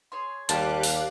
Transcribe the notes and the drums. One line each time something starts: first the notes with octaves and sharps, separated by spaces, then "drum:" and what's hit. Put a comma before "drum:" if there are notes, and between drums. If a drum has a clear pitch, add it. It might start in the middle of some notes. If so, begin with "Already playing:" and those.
G#4 C#5 C6
D#2 G3 F5 A5 D6 F#6, drum: hi-hat
drum: open hi-hat